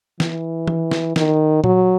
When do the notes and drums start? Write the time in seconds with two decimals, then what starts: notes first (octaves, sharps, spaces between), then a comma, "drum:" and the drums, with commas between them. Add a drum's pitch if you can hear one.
0.20 E3, drum: snare
0.68 drum: tom E3
0.91 drum: snare
1.16 D#3, drum: snare
1.64 F#3, drum: tom A#2